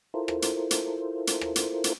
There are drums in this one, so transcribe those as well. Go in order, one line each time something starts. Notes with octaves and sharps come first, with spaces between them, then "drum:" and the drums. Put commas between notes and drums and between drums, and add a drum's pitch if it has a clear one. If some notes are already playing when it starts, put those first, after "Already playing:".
E4 F4 A4 A#4 C5
drum: rim click
drum: hi-hat
drum: hi-hat
drum: hi-hat
drum: rim click
drum: hi-hat
drum: hi-hat